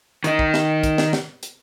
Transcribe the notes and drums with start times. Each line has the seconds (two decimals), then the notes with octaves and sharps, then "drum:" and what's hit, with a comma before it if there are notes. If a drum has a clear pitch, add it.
0.24 D#3 D#4, drum: hi-hat
0.39 drum: kick
0.54 drum: snare
0.84 drum: kick, hi-hat
0.98 drum: snare
1.13 drum: snare
1.43 drum: hi-hat